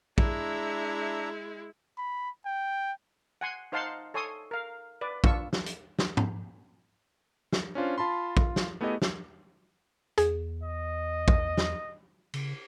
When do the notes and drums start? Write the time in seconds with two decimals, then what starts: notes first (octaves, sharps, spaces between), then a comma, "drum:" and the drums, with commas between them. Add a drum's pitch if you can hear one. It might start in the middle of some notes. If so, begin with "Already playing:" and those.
0.18 G#3 D4 E4 E5 A#5, drum: kick
1.98 B5
2.46 G5
3.41 F#5 G#5 C6
3.72 D#4 C5 F5 F#5 A5 C6
4.14 A4 C#5 G#5 C6 D#6
4.51 A#4 F5
5.01 B4 D5
5.24 D4 F4 C#6 E6, drum: kick
5.53 drum: snare
5.66 drum: hi-hat
5.99 drum: snare
6.17 drum: tom
7.53 drum: snare
7.75 C#4 D4 F4 C5
7.98 F4 A5 B5 C6
8.37 F4, drum: kick
8.56 drum: snare
8.81 A3 B3 E4 G4 G#4 D#5
9.02 drum: snare
10.18 E2 G#4, drum: hi-hat
10.63 D#5
11.28 drum: kick
11.57 drum: snare
12.33 C#3, drum: cymbal